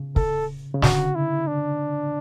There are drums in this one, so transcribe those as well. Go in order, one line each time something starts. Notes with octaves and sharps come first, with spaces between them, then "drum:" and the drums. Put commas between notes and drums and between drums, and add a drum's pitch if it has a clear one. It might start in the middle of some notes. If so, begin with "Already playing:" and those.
Already playing: C#3
A4, drum: kick
C#3
D3 F#4, drum: snare
E4
D4